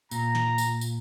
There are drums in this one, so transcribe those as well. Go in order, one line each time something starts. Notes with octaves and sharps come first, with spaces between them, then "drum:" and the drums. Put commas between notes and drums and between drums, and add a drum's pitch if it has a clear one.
A#2 A#5, drum: tambourine
drum: snare
drum: tambourine
drum: tambourine